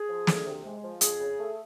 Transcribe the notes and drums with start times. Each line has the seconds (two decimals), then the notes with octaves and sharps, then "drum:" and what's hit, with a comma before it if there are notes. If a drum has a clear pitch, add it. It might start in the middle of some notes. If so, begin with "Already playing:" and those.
Already playing: G#4
0.09 F3
0.27 D2, drum: snare
0.46 C3
0.65 G#3
0.83 F3
1.01 F2 G#4, drum: hi-hat
1.20 C#3
1.38 A3